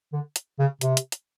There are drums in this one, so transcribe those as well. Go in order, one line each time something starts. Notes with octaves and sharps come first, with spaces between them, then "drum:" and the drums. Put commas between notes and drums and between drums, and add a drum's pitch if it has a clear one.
D3
drum: hi-hat
C#3
C3, drum: hi-hat
drum: hi-hat
drum: hi-hat